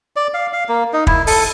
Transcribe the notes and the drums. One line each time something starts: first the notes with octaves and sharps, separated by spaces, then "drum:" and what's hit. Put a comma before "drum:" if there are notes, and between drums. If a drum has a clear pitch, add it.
D5
F5
F5
A#3
D#4
E4, drum: kick
A4, drum: open hi-hat